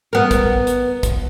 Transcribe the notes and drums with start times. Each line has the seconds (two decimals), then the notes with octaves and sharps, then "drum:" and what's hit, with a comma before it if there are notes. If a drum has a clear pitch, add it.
0.13 B3 A#4
0.31 drum: kick, hi-hat
0.67 drum: hi-hat
1.03 drum: kick, hi-hat